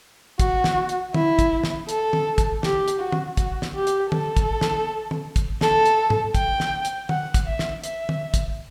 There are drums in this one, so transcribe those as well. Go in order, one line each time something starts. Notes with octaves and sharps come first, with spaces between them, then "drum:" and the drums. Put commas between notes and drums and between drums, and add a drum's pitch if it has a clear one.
F#4, drum: kick, hi-hat
drum: snare
drum: hi-hat
E4, drum: tom
drum: kick, hi-hat
drum: snare
A4, drum: hi-hat
drum: tom
drum: kick, hi-hat
G4, drum: snare
drum: hi-hat
F#4
drum: tom
F#4, drum: kick, hi-hat
drum: snare
G4
drum: hi-hat
A4, drum: tom
drum: kick, hi-hat
drum: snare
drum: tom
drum: kick, hi-hat
A4, drum: snare
drum: hi-hat
drum: tom G#2
G5, drum: kick, hi-hat
drum: snare
drum: hi-hat
F#5, drum: tom
drum: kick, hi-hat
E5
drum: snare
E5, drum: hi-hat
drum: tom
drum: kick, hi-hat